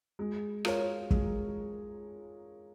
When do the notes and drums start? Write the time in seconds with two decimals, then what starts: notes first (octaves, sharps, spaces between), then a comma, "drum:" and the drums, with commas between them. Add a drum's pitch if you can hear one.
0.19 G#3
0.65 F4 A#4 C#5, drum: rim click
1.11 G#3, drum: kick